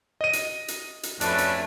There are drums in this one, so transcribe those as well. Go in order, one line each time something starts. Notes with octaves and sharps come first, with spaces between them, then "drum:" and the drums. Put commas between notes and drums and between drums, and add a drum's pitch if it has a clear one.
D#5 D#7
drum: hi-hat
drum: hi-hat
drum: hi-hat
F2 A3 C#4 D4 B4, drum: hi-hat
drum: hi-hat